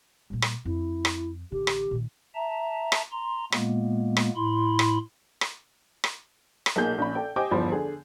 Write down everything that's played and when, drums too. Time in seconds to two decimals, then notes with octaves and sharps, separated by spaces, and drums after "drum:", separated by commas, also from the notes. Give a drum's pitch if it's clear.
0.30 A#2 G3
0.42 drum: rim click
0.65 F2 E4
1.05 drum: rim click
1.51 A1 D3 G4
1.67 drum: rim click
1.91 A#2 D#3
2.35 E5 A5 A#5
2.92 drum: rim click
3.12 A#5 C6
3.52 A#2 G#3 A#3 B3, drum: rim click
4.17 drum: rim click
4.36 A2 E4 B5 C6
4.79 drum: rim click
5.41 drum: rim click
6.04 drum: rim click
6.66 drum: rim click
6.76 B1 A#2 A#3 G#4 G6
6.98 A#1 C#4 B5
7.15 A4 D5 G5
7.36 G4 C5 D#5 G5 G#5 D6
7.51 G1 E2 F3 C5 B5
7.72 D3 G#4